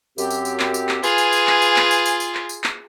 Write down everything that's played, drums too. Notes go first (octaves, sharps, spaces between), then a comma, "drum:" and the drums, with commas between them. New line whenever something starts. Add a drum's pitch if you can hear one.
F#2 C4 G4, drum: tambourine
drum: tambourine
drum: tambourine
drum: clap
drum: tambourine
drum: clap
F4 G#4 B4 G#5, drum: tambourine
drum: tambourine
drum: tambourine
drum: clap
drum: tambourine
drum: clap
drum: tambourine
drum: tambourine
drum: tambourine
drum: clap
drum: tambourine
drum: clap